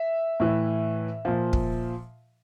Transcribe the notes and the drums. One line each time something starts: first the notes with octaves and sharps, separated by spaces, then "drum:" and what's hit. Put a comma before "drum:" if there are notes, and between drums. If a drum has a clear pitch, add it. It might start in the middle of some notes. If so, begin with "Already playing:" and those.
Already playing: E5
A2 E3
A#2 F3
drum: kick